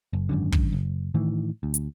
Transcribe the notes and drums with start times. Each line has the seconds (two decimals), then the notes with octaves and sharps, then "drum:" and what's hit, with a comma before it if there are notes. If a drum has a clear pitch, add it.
0.13 F#1
0.29 G#1 F#2 D3
0.52 drum: kick
0.73 F#1
1.14 A2 D#3 E3
1.63 D2
1.74 drum: hi-hat